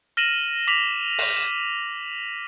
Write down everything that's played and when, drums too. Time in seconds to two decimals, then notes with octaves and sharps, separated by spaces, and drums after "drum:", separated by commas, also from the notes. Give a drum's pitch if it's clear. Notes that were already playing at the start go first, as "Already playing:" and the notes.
0.17 F6 A#6 D#7 E7 F#7
0.67 D6 B6 F7 F#7
1.18 drum: open hi-hat